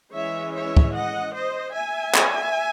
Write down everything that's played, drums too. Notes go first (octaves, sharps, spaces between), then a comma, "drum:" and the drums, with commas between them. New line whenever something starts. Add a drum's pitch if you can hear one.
E3 G#3 C#4 C#5 E5
C#5 E5
drum: kick
D#5 F#5
C5 D#5
E5 G#5
drum: clap